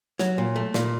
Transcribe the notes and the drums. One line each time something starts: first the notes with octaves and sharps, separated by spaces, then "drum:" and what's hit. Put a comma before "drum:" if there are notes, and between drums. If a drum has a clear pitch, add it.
F#3, drum: snare
A#2
A3
A#2, drum: snare